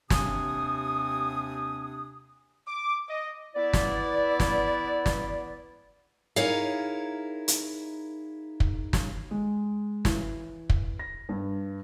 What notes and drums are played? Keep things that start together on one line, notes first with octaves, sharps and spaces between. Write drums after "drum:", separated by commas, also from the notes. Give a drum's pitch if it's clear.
D#2 C3 C4 D4 G#5 D#6, drum: snare
D6
D#5
B3 E4 D5
drum: snare
drum: snare
drum: snare
D#4 E4 G#4 A#4 C#5 F5
drum: hi-hat
drum: kick
drum: snare
G#3
E3, drum: snare
drum: kick
A#6
G2